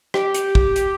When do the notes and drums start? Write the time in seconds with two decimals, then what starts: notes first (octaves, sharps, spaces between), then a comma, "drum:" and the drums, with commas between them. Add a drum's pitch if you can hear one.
0.14 G4, drum: rim click
0.34 drum: hi-hat
0.55 drum: kick
0.76 drum: hi-hat